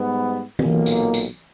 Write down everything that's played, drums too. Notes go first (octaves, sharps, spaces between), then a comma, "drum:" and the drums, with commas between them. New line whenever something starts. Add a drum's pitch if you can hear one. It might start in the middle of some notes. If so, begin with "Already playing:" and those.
Already playing: G#2 G3 B3
B1 A#2 A#3, drum: tom
drum: tambourine
drum: tambourine